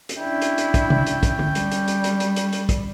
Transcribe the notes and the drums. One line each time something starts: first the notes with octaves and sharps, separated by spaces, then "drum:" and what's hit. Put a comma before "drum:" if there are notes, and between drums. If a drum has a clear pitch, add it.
drum: hi-hat
C#4 D4 E4 G5
drum: hi-hat
drum: hi-hat
drum: kick, hi-hat
drum: tom C3
drum: hi-hat
drum: kick, hi-hat
drum: tom D3
G3, drum: hi-hat
drum: hi-hat
drum: hi-hat
drum: hi-hat
drum: hi-hat
drum: hi-hat
drum: hi-hat
drum: kick, hi-hat